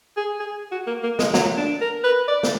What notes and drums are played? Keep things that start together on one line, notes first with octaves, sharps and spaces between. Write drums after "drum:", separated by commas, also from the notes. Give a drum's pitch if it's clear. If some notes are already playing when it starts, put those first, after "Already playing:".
G#4
G#4
F#4
A#3
A#3
G#3, drum: snare
F#3, drum: snare
D4
A#4
B4
D5
drum: snare